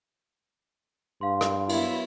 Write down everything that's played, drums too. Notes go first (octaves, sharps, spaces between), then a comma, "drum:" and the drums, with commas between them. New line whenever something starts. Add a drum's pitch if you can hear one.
G2 F5 C6
drum: rim click
F#3 B3 E4, drum: cymbal